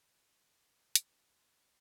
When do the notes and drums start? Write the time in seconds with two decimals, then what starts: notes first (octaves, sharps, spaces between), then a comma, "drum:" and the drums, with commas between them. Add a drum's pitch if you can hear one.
0.11 B4
0.47 A#4
0.95 drum: hi-hat
1.18 B4
1.36 C5
1.54 B4